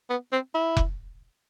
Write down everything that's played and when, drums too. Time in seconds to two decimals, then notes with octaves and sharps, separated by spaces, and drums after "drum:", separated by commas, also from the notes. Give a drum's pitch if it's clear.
0.09 B3
0.32 C4
0.54 E4
0.77 drum: kick F1